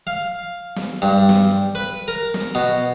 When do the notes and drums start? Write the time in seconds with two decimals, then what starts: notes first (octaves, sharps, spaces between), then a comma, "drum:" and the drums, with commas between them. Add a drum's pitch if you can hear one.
0.07 F5
0.76 drum: snare
1.02 G2
1.29 drum: snare
1.75 B4
2.08 A#4
2.34 drum: snare
2.55 B2